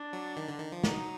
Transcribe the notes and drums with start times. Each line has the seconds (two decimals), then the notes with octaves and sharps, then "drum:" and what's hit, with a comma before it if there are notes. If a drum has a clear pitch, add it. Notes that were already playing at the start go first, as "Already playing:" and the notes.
Already playing: D4
0.13 F#3
0.37 D#3
0.48 D3
0.59 D#3
0.72 F3
0.84 F#3 D#4, drum: snare